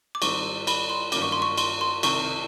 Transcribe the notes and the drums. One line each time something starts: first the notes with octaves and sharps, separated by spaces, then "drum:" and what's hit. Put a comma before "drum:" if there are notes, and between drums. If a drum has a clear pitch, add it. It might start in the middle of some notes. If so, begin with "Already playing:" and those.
D6
G#2 D#3 G3 C4 C#6, drum: cymbal
B5, drum: cymbal
C6
G2 D#3 F#3 A#3 C#4 D6, drum: cymbal
C#6
C6
C#6
C6, drum: cymbal
C6
C2 C3 D#3 C#6, drum: cymbal